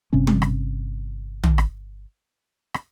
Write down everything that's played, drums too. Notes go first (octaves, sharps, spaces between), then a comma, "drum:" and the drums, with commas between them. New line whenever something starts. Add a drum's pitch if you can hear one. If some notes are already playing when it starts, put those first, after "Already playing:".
G1 C3 C4 C#4
drum: tom
drum: rim click
drum: tom
drum: rim click
drum: rim click